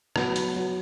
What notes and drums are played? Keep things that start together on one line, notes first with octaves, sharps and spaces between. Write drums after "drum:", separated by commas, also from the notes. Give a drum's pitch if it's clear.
F#3 B3, drum: rim click
drum: hi-hat
F#3